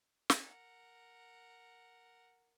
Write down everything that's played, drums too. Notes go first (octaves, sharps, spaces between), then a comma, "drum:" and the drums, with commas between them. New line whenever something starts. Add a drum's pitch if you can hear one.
drum: snare
A#4 F#5